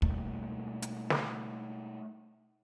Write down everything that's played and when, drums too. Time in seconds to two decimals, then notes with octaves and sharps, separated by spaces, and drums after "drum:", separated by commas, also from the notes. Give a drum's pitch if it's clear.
0.02 B2 G3 A3 A#3, drum: kick
0.82 drum: hi-hat
1.10 drum: snare